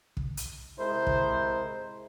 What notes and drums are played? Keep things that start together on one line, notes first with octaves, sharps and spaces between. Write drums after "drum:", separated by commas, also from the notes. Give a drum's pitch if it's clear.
drum: kick
drum: hi-hat
C3 G#3 E4 A#4 C5
drum: kick